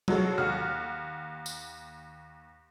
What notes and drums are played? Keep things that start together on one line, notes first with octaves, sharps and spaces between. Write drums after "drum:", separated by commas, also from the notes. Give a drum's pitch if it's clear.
F3 F#3 G#3 F#4 A4 C#5, drum: tom F#3
D#2 F#5 F6
drum: tambourine